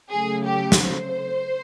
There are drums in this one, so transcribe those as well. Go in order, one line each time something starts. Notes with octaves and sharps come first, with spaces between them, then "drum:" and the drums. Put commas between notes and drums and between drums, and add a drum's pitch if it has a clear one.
C#3 F#3 A3 G#4
G4
drum: snare
C5